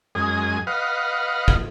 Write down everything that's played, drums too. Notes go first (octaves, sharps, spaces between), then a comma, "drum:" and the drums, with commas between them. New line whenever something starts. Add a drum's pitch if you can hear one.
F#2 G#3 G#4 D#6
B4 D#5 F5 F#5
drum: kick